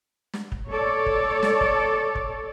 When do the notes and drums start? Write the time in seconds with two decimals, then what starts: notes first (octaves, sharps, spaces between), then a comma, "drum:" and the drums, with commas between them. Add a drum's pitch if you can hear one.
0.34 drum: snare
0.52 drum: kick
0.70 A4 C#5 D5
1.06 drum: kick
1.43 drum: snare
1.61 drum: kick
2.15 drum: kick